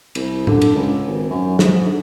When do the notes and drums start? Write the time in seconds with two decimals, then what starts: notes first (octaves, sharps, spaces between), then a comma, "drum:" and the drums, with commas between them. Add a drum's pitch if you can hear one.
0.15 C2, drum: cymbal
0.47 D3, drum: tom A2
0.61 drum: cymbal
0.75 C#2
1.07 G#1
1.30 F#2
1.59 G#2, drum: snare
1.86 D3